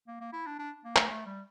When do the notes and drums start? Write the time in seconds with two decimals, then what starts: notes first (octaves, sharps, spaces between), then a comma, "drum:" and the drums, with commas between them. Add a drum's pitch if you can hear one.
0.08 A#3
0.21 A#3
0.33 E4
0.47 D4
0.59 D4
0.85 A#3
0.96 A3, drum: clap
1.10 A3
1.26 G3